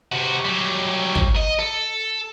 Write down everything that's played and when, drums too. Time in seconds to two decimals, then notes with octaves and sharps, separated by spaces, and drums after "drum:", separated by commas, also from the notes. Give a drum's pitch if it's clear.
0.12 C3 F#4
0.45 F#3 G3
1.15 drum: kick
1.36 D#5
1.59 A4